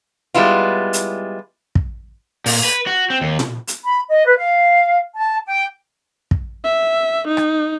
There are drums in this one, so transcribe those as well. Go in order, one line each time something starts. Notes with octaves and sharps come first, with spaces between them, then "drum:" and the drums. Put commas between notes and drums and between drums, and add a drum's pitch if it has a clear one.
G3 G#3 B3 E4 F4
drum: hi-hat
drum: kick
A#2, drum: open hi-hat
B4
F#4
C4
D#2
drum: tom A#2
drum: hi-hat
B5
D#5
B4
F5
A5
G5
drum: kick
E5
D#4
drum: rim click